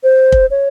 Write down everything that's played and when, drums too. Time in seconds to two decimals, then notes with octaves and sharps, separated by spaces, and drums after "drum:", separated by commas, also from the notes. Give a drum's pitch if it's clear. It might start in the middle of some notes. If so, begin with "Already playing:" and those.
0.03 C5
0.32 drum: kick
0.51 C#5